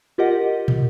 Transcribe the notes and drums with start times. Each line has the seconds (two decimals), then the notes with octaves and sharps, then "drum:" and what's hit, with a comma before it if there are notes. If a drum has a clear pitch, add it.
0.18 F4 G4 A#4 D#5 F#5
0.68 drum: tom